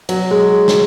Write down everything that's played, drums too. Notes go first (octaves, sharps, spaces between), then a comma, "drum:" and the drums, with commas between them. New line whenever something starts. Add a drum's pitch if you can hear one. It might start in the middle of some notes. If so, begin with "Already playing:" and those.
F#3, drum: cymbal
G#3
drum: snare